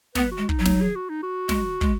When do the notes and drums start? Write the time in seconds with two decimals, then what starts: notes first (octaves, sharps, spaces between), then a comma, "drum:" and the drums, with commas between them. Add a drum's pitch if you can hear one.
0.15 B3 B4, drum: snare
0.32 F#4
0.38 G#3
0.49 D#4, drum: kick
0.59 F#3
0.65 D#4, drum: snare
0.82 G#4
0.96 F#4
1.09 D#4
1.23 F#4
1.49 G#3, drum: snare
1.81 G#3, drum: kick